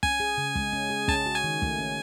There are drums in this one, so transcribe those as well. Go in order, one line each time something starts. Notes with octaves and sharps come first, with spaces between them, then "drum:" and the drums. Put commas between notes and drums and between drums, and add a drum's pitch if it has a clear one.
C#4 G#5, drum: kick
G#4
C#3
G#3, drum: kick
C#4
G#4
C#4 A5, drum: kick
F#4
G#5
D#3
A3, drum: kick
C#4